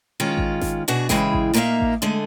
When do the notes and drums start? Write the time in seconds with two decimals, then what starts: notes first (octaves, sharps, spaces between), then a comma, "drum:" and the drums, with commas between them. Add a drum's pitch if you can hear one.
0.20 D#3 G#3 C#4 F4
0.38 drum: kick A1
0.61 drum: snare G#1
0.88 B2 D4 F#4 G#4
1.09 C#3 E3 G#3 E4 G#4 G5, drum: snare G#1
1.33 drum: kick A1
1.54 A#2 A#3 D#4 B4 E5 F5
1.81 drum: kick A1
2.02 D3 G#3 A3 G#4